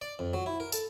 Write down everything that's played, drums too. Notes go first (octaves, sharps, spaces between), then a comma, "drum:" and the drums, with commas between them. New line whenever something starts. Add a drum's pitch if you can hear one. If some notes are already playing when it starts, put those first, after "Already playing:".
D5
F2
F#3
E4
A#4
A4, drum: tambourine